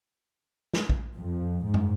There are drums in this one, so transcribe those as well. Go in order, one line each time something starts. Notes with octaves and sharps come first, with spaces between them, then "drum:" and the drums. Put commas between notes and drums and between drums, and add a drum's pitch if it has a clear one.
drum: snare
drum: kick A#1
F2
G#2
drum: tom